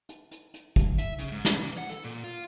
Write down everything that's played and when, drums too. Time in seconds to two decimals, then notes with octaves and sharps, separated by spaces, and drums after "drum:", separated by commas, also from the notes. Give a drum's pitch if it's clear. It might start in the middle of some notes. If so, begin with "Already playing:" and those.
0.09 drum: hi-hat
0.31 drum: hi-hat
0.54 drum: hi-hat
0.76 drum: kick, hi-hat
0.99 E5, drum: hi-hat
1.19 C#3, drum: hi-hat
1.32 G#2
1.45 C#4, drum: snare
1.63 E3
1.78 F#5
1.90 A4, drum: hi-hat
2.05 A#2
2.24 F4